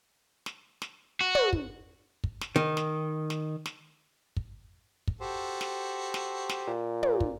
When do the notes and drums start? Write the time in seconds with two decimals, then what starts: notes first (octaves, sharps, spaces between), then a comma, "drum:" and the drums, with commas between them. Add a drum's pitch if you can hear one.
0.46 drum: snare
0.82 drum: snare
1.21 F#4
1.35 drum: tom
1.53 drum: kick
2.24 drum: kick
2.41 drum: snare
2.56 D#3
2.77 drum: snare
3.30 drum: snare
3.66 drum: snare
4.37 drum: kick
5.08 drum: kick
5.21 F#4 G4 A4 C5
5.61 drum: snare
6.14 drum: snare
6.49 drum: snare
6.67 A#2
7.03 drum: tom
7.20 drum: kick